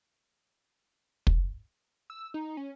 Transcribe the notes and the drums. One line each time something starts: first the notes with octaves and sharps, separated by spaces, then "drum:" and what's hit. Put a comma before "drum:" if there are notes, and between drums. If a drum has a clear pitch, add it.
drum: kick
E6
D#4
C#4